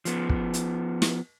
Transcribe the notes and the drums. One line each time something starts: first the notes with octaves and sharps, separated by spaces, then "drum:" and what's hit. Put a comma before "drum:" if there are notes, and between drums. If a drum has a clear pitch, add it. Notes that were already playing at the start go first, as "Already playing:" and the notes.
F3 B3, drum: hi-hat
drum: kick
drum: hi-hat
drum: snare